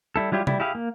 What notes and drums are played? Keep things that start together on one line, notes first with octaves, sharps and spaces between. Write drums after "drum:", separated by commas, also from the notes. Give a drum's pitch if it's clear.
G3 E4 A4
F#3 G3 E4 F4 G4
G3 E4, drum: tom C3
E4 G4 G#4 F5
A#3